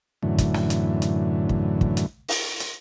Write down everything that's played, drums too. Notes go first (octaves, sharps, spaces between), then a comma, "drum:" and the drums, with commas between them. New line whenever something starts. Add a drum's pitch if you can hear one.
F#2 A2 D3 E3
drum: kick, hi-hat
drum: snare
drum: hi-hat
drum: hi-hat
drum: kick
drum: kick
drum: hi-hat
drum: open hi-hat
drum: hi-hat